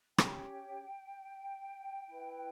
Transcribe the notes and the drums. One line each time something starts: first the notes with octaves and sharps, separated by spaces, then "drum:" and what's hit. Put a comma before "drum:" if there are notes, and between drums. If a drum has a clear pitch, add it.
C#4 G4 C#5 G5, drum: rim click
E4 B4